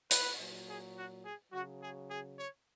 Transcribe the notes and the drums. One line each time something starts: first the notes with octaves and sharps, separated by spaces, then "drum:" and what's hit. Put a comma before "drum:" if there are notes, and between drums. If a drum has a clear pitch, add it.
B4, drum: hi-hat
A#2 F#3
G#4
F#4
G#4
C#3 F#3 F#4
G#4
G#4
C#5